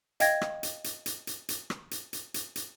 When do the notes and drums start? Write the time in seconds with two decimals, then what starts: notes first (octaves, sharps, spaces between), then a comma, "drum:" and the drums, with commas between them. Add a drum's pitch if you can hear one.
0.20 D#5 F5 G5 G#6 A#6, drum: hi-hat
0.41 drum: rim click
0.63 drum: hi-hat
0.84 drum: hi-hat
1.06 drum: hi-hat
1.27 drum: hi-hat
1.49 drum: hi-hat
1.70 drum: rim click
1.91 drum: hi-hat
2.13 drum: hi-hat
2.34 drum: hi-hat
2.56 drum: hi-hat